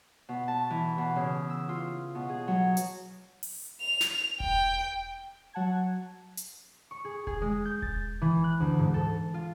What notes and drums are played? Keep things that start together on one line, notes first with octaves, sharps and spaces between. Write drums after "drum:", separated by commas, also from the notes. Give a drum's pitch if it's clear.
B2
A5
E3
B2
C#3
E6
F4
B2
G#4
F#3
drum: hi-hat
drum: open hi-hat
F7
drum: snare
G5, drum: kick E1
F#3 F#5 A5 G#6
drum: hi-hat
C#6
G#4
G#4, drum: kick E1
G#3
G6
A6, drum: kick E1
E3
F#6
D2
G#2
A4
F4